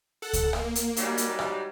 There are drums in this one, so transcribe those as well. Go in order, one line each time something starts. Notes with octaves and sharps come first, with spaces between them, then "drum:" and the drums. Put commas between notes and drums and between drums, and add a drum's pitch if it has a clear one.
A4 F#5
drum: kick C#2, hi-hat
A#3, drum: rim click
drum: hi-hat
G#2 F#3 G3, drum: hi-hat
drum: hi-hat
drum: rim click